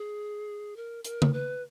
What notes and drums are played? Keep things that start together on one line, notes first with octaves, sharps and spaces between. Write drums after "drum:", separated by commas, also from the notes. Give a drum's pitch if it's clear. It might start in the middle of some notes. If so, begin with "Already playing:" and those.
Already playing: G#4
A#4
A#4, drum: hi-hat
drum: tom C#3
B4